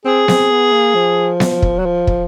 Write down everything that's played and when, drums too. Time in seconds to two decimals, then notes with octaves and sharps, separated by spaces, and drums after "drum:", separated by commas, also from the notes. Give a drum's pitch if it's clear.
0.05 C4 G#4
0.28 C4, drum: snare B3
0.51 B3
0.73 A#3
0.95 F3
1.40 drum: snare B3
1.62 drum: kick
1.79 F#3
1.85 F3
2.07 drum: kick